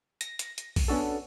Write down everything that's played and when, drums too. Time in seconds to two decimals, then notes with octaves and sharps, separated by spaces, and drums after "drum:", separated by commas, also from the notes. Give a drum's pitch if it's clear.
0.21 A#6, drum: hi-hat
0.39 drum: hi-hat
0.58 drum: hi-hat
0.76 drum: kick A#1, open hi-hat
0.88 B3 C#4 D4 F#4 A4